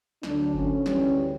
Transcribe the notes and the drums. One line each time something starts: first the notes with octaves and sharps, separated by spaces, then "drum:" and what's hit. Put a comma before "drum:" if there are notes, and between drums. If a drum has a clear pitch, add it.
D2 D3 F#3 A3 D4, drum: snare
C#4, drum: kick G1
D2 C#3 E3 G3 C#4, drum: snare